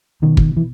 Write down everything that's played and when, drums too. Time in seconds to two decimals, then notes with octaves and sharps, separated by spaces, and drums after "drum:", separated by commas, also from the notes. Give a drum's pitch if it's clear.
0.22 B2 D#3
0.37 drum: kick
0.57 E3